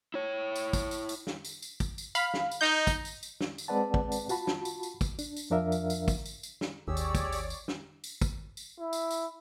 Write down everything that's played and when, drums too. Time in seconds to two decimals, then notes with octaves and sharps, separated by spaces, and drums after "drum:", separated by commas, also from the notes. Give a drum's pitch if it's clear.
0.14 E4 C#5
0.56 drum: tambourine
0.73 drum: kick, tambourine
0.91 drum: tambourine
1.09 drum: tambourine
1.27 drum: snare
1.45 drum: tambourine
1.62 drum: tambourine
1.80 drum: kick, tambourine
1.98 drum: tambourine
2.15 F5 B5, drum: tambourine
2.34 drum: snare
2.51 drum: tambourine
2.61 D#4 G6
2.87 drum: kick, tambourine
3.05 drum: tambourine
3.23 drum: tambourine
3.41 drum: snare
3.58 drum: tambourine
3.68 G#3 C4 B4 D5 F#5 A5
3.94 drum: kick
4.12 drum: tambourine
4.29 F4 F#4 A5 B5, drum: tambourine
4.47 drum: snare
4.65 drum: tambourine
4.83 drum: tambourine
5.01 drum: kick, tambourine
5.19 D4, drum: tambourine
5.36 drum: tambourine
5.50 F2 F3 D4 A#4 E5 F5
5.72 drum: tambourine
5.90 drum: tambourine
6.08 drum: kick, tambourine
6.26 drum: tambourine
6.43 drum: tambourine
6.61 drum: snare
6.88 G#1 D#2 G4 G#4 C#5 D5 E6
6.97 drum: tambourine
7.15 drum: kick, tambourine
7.32 drum: tambourine
7.50 drum: tambourine
7.68 drum: snare
8.04 drum: tambourine
8.21 drum: kick, tambourine
8.57 drum: tambourine
8.79 E4
8.93 drum: tambourine
9.11 drum: tambourine